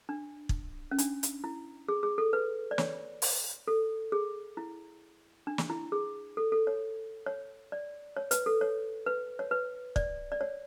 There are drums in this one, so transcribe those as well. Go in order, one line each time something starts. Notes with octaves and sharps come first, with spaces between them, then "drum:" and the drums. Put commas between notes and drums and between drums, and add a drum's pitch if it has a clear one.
D4
drum: kick
C#4
D4, drum: hi-hat
drum: hi-hat
E4
G#4
G#4
A4
B4
D5
C#5, drum: snare
drum: open hi-hat
A4
G#4
E4
D4
drum: snare
E4
G#4
A4
A4
C#5
C#5
D5
C#5
B4, drum: hi-hat
A4
C#5
B4
C#5
B4
D5, drum: kick
D5
C#5